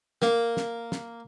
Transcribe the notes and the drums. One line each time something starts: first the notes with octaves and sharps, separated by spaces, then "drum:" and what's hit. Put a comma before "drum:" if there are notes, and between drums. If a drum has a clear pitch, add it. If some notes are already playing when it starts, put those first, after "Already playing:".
A#3, drum: snare
drum: snare
drum: snare